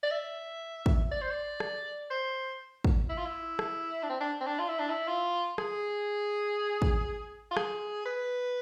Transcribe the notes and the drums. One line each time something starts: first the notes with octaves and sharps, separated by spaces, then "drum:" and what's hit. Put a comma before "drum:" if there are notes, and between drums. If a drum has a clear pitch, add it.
D5
E5
drum: kick
D5
C5
D5
drum: rim click
C5
drum: kick
E4
F4
E4
drum: rim click
D4
C4
D4
C4
D4
F4
E4
D4
E4
F4
G#4, drum: rim click
drum: kick
F4
G#4, drum: rim click
B4